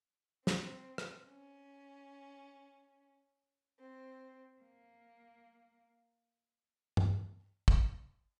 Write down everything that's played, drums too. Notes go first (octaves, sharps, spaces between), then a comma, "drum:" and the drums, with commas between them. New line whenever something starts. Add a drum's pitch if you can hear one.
C4, drum: snare
drum: rim click
C#4
C4
A#3
drum: tom G2
drum: kick